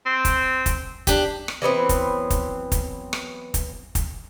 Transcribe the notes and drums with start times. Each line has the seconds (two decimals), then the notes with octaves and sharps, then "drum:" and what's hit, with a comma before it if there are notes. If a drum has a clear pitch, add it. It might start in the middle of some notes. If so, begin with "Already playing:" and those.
0.06 C4
0.25 drum: kick, hi-hat
0.66 drum: kick, hi-hat
1.07 D4 G4, drum: kick, hi-hat
1.48 drum: rim click
1.62 E3 F#3 B3 C4
1.89 drum: kick, hi-hat
2.30 drum: kick, hi-hat
2.72 drum: kick, hi-hat
3.13 drum: rim click
3.54 drum: kick, hi-hat
3.95 drum: kick, hi-hat